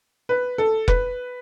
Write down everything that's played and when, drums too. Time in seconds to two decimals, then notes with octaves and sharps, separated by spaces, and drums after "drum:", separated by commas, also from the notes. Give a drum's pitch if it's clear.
0.29 B4
0.58 A4
0.88 B4, drum: kick F1